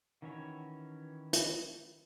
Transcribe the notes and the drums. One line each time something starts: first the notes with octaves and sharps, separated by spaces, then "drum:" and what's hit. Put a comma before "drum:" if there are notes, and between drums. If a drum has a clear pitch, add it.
D#3 E3 C#4 F#4 C#5
drum: hi-hat